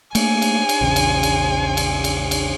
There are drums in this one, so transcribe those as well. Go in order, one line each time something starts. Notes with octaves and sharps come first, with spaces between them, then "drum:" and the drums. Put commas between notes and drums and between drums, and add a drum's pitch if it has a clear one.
A3 A#3 G#5, drum: cymbal
drum: cymbal
drum: cymbal
A#1 E2 C#3
drum: cymbal
drum: cymbal
drum: cymbal
drum: cymbal
drum: cymbal